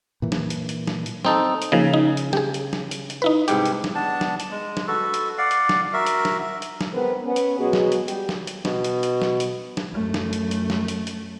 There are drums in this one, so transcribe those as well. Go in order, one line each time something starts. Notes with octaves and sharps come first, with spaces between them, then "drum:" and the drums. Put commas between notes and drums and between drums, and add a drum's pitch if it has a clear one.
A#2 E3
drum: snare
drum: hi-hat
drum: hi-hat
drum: snare
drum: hi-hat
C4 D#4 A4, drum: snare
drum: hi-hat
C#3 F3 A#3 D#4
D#4
drum: hi-hat
G4 G#4, drum: snare
drum: hi-hat
drum: snare
drum: hi-hat
drum: hi-hat
D#4 E4 B4
C2 G#2 G4, drum: hi-hat
drum: hi-hat
drum: snare
B3 D4 A5
drum: snare
drum: hi-hat
G#3
drum: snare
F#4 A4 B4
drum: hi-hat
D5 F5 F#5
drum: hi-hat
drum: snare
F#4 A#4 E5
drum: hi-hat
drum: snare
E5
drum: hi-hat
drum: snare
G#3 B3 C4 A#4 B4
B3 C#4
drum: hi-hat
B2 F#3 G#3 B3 F#4 G#4
drum: snare
drum: hi-hat
G3 G4, drum: hi-hat
drum: snare
drum: hi-hat
B2, drum: snare
drum: hi-hat
drum: hi-hat
drum: snare
drum: hi-hat
drum: snare
F#2 A3
drum: snare
drum: hi-hat
drum: hi-hat
drum: snare
drum: hi-hat
drum: hi-hat